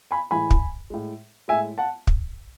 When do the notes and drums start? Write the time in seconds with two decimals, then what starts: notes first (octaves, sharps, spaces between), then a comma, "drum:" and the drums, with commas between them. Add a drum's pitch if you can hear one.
0.11 G#5 B5
0.31 A2 E3 G#3 G#5 B5
0.50 drum: kick
0.90 A2 G#3
1.48 A2 G#3 E5 G#5
1.78 F#5 A5
2.07 drum: kick